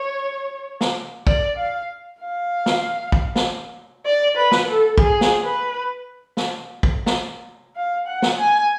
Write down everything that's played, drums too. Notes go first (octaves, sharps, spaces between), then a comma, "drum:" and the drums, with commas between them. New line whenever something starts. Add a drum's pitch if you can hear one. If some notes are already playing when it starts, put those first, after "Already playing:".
Already playing: C#5
drum: snare
D5, drum: kick
F5
F5
drum: snare
drum: kick
drum: snare
D5
B4
drum: snare
A4
G#4, drum: kick
drum: snare
B4
drum: snare
drum: kick
drum: snare
F5
F#5
drum: snare
G#5